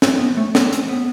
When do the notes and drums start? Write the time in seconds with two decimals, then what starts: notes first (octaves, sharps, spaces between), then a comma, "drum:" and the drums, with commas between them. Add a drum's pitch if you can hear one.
0.02 C4, drum: snare
0.19 B3
0.37 A3
0.55 B3, drum: snare
0.73 C4, drum: hi-hat
0.89 B3